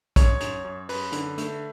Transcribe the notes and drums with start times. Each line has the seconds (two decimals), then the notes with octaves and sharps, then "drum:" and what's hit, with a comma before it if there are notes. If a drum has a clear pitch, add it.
0.16 F#2 C#5, drum: kick, hi-hat
0.40 F#2, drum: hi-hat
0.65 F#2
0.89 F#2 B4, drum: open hi-hat
1.12 D3, drum: hi-hat
1.38 A3, drum: hi-hat